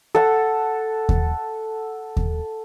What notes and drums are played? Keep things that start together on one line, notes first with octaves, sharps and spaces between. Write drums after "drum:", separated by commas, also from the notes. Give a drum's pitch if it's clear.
A4 F#5
drum: kick D#2
drum: kick D#2